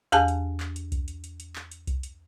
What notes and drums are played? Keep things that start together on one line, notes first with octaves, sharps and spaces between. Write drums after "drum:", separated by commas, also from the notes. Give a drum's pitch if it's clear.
E2 G4 G#4 G#5 A5, drum: hi-hat
drum: hi-hat
drum: clap
drum: hi-hat
drum: kick C2, hi-hat
drum: hi-hat
drum: hi-hat
drum: hi-hat
drum: clap
drum: hi-hat
drum: kick C2, hi-hat
drum: hi-hat